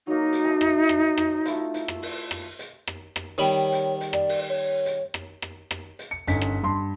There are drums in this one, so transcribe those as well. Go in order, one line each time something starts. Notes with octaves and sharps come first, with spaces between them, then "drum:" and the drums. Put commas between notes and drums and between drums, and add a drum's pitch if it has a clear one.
F#3 A#3 D#4
drum: hi-hat
E5 A5 E6
drum: rim click
drum: rim click
drum: rim click
A3 E4 F4, drum: hi-hat
drum: hi-hat
drum: rim click
drum: open hi-hat
drum: rim click
drum: hi-hat
drum: rim click
drum: rim click
D#3 G3 C#5 B5
drum: hi-hat
drum: hi-hat
D5, drum: rim click
drum: open hi-hat
C#5
drum: hi-hat
drum: rim click
drum: rim click
drum: rim click
drum: hi-hat
C#7
G1 C#4 D#4 B6, drum: hi-hat
drum: rim click
G2 C6